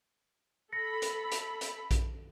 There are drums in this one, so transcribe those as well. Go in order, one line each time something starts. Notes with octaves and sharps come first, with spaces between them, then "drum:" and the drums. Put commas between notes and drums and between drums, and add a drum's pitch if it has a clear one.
A4 B5 A#6 C#7
drum: hi-hat
drum: hi-hat
drum: hi-hat
drum: kick A#1, hi-hat